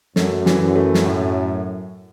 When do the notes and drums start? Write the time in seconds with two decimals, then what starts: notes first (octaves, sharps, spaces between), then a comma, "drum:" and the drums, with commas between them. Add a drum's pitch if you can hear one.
0.16 F#2 A3, drum: snare
0.46 E3, drum: snare
0.61 F#2
0.76 A3
0.94 drum: snare
1.06 A2